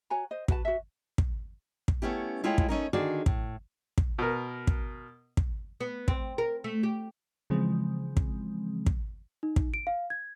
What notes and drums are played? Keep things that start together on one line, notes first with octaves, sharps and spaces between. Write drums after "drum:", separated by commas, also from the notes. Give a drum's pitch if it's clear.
F#4 C#5 G#5 A#5
C5 D#5
F#4 B4 G#5 A5, drum: kick
F#4 E5
drum: kick
drum: kick
A3 B3 C#4 E4 G4
G#3 A3 E4 F4 C#5 G5
drum: kick
A3 C#4 D#4 A#4
D3 D#3 F#4 G#4 D5
A2, drum: kick
drum: kick
B2 A#4
drum: kick
drum: kick
B3
C4, drum: kick
A#4
A3
G4
C#3 E3 F3 G#3 C4
drum: kick
drum: kick
D#4
drum: kick
D7
F5
G#6